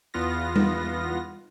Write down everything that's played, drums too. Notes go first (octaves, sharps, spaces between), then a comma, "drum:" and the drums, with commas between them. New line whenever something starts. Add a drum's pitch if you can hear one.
E2 B3 F4 A#6
drum: tom G3